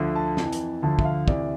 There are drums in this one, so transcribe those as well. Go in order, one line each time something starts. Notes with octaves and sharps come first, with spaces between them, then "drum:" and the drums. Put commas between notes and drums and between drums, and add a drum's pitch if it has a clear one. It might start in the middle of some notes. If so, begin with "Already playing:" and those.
Already playing: D2 D3 F3
A5
F2 E3, drum: snare
drum: hi-hat
D2 D3 F3 A5
E5, drum: kick
F5
D2 C3 E3 D5, drum: kick